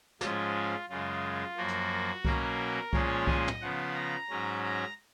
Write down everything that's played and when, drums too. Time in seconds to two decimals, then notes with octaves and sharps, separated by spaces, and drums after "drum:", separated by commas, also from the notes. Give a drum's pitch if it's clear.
0.21 G#2 F3 G#3 C#4 F4, drum: snare
0.89 F#2 C#3 G#3 F4
1.57 F#2 F3 A#3 F#4
1.68 drum: hi-hat
2.25 B2 F#3 A#3 C#4 A#4, drum: kick C2
2.93 A#2 F3 G#3 C#4 C#5, drum: kick C2
3.27 D#5, drum: kick C2
3.48 drum: tom
3.61 C#3 F3 B3 F#5
3.95 A#5
4.30 G#2 F#3 C#4
4.64 A#5